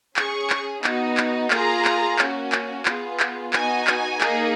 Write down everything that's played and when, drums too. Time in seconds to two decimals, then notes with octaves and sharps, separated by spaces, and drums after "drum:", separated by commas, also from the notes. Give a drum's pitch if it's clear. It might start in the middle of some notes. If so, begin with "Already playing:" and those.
0.17 C#4 G#4 C#6, drum: clap
0.50 drum: clap
0.84 B3 D#4 F#4, drum: clap
1.17 drum: clap
1.51 A#3 F4 G#4 A#5, drum: clap
1.85 drum: clap
2.19 A#3 C#4 F#4, drum: clap
2.52 drum: clap
2.85 B3 F4 G#4, drum: clap
3.20 drum: clap
3.53 B3 D#4 F#4 G#5, drum: clap
3.87 drum: clap
4.21 A#3 D#4 G#4, drum: clap